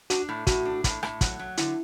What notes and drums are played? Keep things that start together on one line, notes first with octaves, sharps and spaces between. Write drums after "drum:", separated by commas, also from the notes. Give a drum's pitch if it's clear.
D4 F#4, drum: hi-hat
A2
A2 F#4, drum: kick, hi-hat
D4
A2, drum: kick, hi-hat
A2, drum: rim click
F#3, drum: kick, hi-hat
F#3
D3 E4, drum: hi-hat